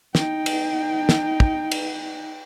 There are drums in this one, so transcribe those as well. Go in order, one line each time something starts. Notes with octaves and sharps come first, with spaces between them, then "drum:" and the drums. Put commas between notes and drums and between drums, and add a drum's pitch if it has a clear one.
D#4 G5, drum: snare
drum: cymbal
drum: snare
drum: kick
drum: cymbal